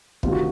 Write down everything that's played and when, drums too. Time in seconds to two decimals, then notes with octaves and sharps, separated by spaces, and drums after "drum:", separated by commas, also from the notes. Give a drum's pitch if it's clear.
0.23 D2 C3 D#3 F4, drum: kick
0.32 F#4